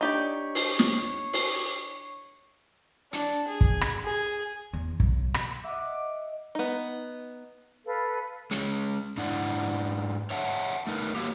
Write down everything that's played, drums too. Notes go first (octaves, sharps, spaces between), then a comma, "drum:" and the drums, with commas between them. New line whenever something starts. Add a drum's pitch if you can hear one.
D4 D#4 G4 C#5 D5 G6
drum: open hi-hat
drum: snare
drum: open hi-hat
D4, drum: hi-hat
G#4
drum: kick
drum: rim click
G#4
E2
B1, drum: kick
drum: rim click
D#5 E5 F#5 D6
B3 D#4
A4 B4 F5
G#3 C#4, drum: hi-hat
G#2 D4 E4 D5 F#5
C#5 E5 F#5 A5
A3 D#4 A#4 B4
F#3 A#3 G4